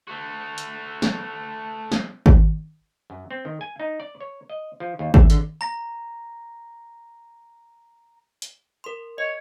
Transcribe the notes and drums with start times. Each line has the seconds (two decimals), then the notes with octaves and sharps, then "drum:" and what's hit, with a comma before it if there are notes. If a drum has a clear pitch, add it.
0.07 A3 F#4
0.58 drum: hi-hat
1.02 drum: snare
1.92 drum: snare
2.26 drum: kick G#1
3.10 F#2
3.31 C4
3.45 D#3
3.61 G#5
3.80 D#4
4.00 D5
4.21 C#5
4.50 D#5
4.80 F3
4.99 D#2
5.14 E5, drum: kick G#1
5.30 D3, drum: hi-hat
5.61 A#5 A#6
8.42 drum: hi-hat
8.84 A#4 C6
9.18 C#5 D#5